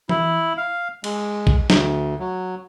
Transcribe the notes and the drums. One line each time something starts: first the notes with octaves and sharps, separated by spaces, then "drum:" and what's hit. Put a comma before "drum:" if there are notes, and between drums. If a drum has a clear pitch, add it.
E4, drum: tom E3
F5
G#3, drum: cymbal
drum: kick A#1
D2, drum: snare
F#3